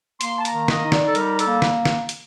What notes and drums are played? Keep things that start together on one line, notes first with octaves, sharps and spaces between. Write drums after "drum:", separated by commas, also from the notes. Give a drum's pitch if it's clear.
A#3 C6, drum: hi-hat
A5
A#5, drum: hi-hat
D#3
D#5, drum: snare
D#4
D5, drum: snare
A4
G3 A#4, drum: hi-hat
A4, drum: hi-hat
A#3
drum: snare
drum: snare
drum: hi-hat